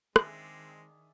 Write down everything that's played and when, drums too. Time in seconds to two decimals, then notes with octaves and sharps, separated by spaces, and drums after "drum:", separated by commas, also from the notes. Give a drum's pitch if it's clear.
0.16 D#3 G#3 C4 D4 G#4 E5, drum: rim click